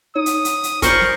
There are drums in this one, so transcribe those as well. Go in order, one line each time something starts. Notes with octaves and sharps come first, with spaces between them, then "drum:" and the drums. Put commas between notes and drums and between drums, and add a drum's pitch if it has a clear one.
D#4 C#5 D#6
drum: hi-hat
drum: hi-hat
drum: hi-hat
A#4 C5 D5 C#6, drum: kick, hi-hat
drum: snare